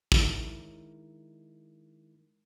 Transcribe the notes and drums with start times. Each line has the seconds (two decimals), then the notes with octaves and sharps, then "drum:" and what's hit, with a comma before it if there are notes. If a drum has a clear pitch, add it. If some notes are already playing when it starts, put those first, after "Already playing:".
0.12 D#3 G#3 D#4 E4 A#4, drum: kick